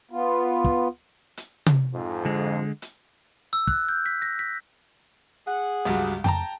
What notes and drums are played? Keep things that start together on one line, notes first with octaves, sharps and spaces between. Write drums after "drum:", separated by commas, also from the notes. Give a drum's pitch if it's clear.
B3 F4
drum: kick
drum: hi-hat
drum: tom C3
F2 G#2
D3 G#3
drum: hi-hat
E6
F#6, drum: kick
G6
B6
A#6
B6
G#4 F#5
C#2 G2 F#3
G5 A5 A#5, drum: tom F2